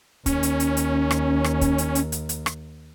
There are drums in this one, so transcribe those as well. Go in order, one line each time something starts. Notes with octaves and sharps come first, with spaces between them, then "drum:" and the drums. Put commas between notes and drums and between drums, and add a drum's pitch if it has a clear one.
D#2 C#4, drum: kick, hi-hat
drum: hi-hat
drum: hi-hat
drum: hi-hat
drum: rim click
drum: rim click
drum: kick, hi-hat
drum: hi-hat
drum: hi-hat
drum: hi-hat
drum: hi-hat
drum: rim click